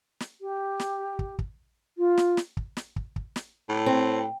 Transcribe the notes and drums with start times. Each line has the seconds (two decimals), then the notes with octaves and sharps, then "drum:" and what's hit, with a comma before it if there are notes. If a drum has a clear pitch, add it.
0.20 drum: snare
0.41 G4
0.79 drum: snare
1.19 drum: kick
1.39 drum: kick
1.98 F4
2.17 drum: snare
2.37 drum: snare
2.57 drum: kick
2.77 drum: snare
2.96 drum: kick
3.16 drum: kick
3.36 drum: snare
3.69 A2
3.86 C4